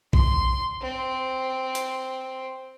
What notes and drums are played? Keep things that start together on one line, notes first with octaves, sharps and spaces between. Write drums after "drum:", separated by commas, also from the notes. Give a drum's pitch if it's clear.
C6, drum: kick A#1
C4
drum: hi-hat